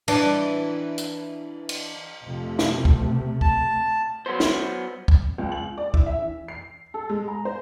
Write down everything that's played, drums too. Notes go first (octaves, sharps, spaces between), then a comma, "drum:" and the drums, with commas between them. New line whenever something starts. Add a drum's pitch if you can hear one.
E3 D4, drum: cymbal
drum: hi-hat
drum: cymbal
F2 C3 A3
drum: snare
drum: kick
A5, drum: kick
F#3 B3 C5
drum: snare
drum: kick
C#2
F#7
D5
E4, drum: kick
E5
E3
C7
A4
G#3
A#5
C5